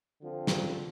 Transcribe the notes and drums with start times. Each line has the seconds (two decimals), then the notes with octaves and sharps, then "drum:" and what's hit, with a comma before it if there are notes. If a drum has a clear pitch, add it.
0.22 D3 F3 C4 F4
0.47 drum: snare